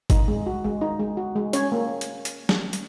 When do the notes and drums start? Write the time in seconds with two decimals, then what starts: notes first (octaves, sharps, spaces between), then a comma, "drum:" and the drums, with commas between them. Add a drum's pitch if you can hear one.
0.10 D#4, drum: kick, hi-hat
0.28 G#3
0.46 F#4
0.64 G#3
0.81 D#4
1.00 G#3
1.17 F#4
1.36 G#3
1.53 C#4 C#5, drum: hi-hat
1.72 A#3
2.01 drum: hi-hat
2.25 drum: hi-hat
2.49 drum: snare
2.73 drum: hi-hat